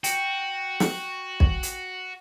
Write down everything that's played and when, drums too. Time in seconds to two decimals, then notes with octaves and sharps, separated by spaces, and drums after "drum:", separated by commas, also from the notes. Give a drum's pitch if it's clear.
0.04 F#4 G5, drum: hi-hat
0.80 drum: snare
1.40 drum: kick B1
1.63 drum: hi-hat